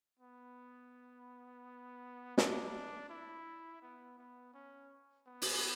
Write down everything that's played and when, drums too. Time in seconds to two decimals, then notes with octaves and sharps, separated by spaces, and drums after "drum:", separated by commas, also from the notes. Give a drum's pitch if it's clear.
0.19 B3
2.38 D4, drum: snare
3.10 E4
3.82 B3
4.19 B3
4.54 C#4
5.27 B3
5.42 drum: open hi-hat